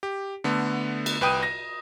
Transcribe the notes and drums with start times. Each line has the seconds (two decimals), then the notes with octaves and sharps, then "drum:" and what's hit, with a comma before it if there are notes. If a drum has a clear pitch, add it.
0.03 G4
0.44 D3 A3 B3
1.06 drum: cymbal
1.21 C2 B4 G5 D#6 D#7
1.43 A#6